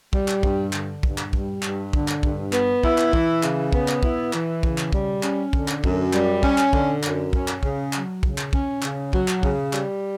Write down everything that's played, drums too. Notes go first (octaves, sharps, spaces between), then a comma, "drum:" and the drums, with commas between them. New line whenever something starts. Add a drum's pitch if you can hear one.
G3, drum: kick
drum: clap
G2, drum: kick
D3, drum: clap
G2, drum: kick
drum: clap
G3, drum: kick
G2, drum: clap
D3, drum: kick
drum: clap
G2, drum: kick
B3, drum: clap
E4, drum: kick
drum: clap
E3, drum: kick
C#3, drum: clap
B3, drum: kick
drum: clap
E4, drum: kick
E3, drum: clap
C#3, drum: kick
drum: clap
G3, drum: kick
C#4, drum: clap
D3, drum: kick
drum: clap
F#2, drum: kick
G3, drum: clap
C#4, drum: kick
drum: clap
D3, drum: kick
F#2, drum: clap
C#4, drum: kick
drum: clap
C#3, drum: kick
F#3, drum: clap
C#3, drum: kick
drum: clap
C#4, drum: kick
C#3, drum: clap
F#3, drum: kick
drum: clap
C#3, drum: kick
G3, drum: clap